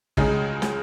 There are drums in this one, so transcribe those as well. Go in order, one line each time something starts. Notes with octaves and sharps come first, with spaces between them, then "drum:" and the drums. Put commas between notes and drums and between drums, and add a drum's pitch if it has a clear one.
C#2 C#3 G#3 D#4 G#4, drum: kick
drum: snare